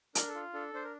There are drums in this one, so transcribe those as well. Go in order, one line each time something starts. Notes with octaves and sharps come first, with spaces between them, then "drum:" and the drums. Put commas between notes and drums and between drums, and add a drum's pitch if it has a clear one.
D4 A#4, drum: hi-hat
A4
F4
D4 A4
D4 C5
A#4